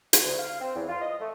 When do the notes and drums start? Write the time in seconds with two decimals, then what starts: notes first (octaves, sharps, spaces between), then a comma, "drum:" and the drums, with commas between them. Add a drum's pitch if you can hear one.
0.13 drum: hi-hat
0.22 D2
0.38 F5
0.60 C4
0.75 E2
0.88 F4
1.01 D#5
1.20 A3